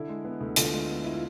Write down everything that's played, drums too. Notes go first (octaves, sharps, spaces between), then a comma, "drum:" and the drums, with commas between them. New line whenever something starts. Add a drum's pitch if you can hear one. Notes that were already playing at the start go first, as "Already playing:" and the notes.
Already playing: D3 E4
G#3
B3
D2
D3 F4, drum: hi-hat
G#3
B3
E4
F4